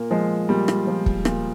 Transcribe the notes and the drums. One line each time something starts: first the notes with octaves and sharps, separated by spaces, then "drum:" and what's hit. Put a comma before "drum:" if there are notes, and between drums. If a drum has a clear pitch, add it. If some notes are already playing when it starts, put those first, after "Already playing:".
Already playing: A#2 A#3
F3 G#3
A#2 G3
drum: rim click
F3
drum: kick
A#2, drum: rim click